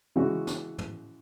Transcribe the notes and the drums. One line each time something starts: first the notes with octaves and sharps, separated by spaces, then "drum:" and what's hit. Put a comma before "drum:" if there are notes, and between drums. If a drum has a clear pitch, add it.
C#3 E3 G#3 C#4 F#4
drum: snare
drum: tom